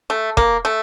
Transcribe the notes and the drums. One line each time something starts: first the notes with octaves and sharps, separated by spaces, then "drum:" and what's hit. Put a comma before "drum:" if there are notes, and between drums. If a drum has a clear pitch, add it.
A3
A#3, drum: kick
A3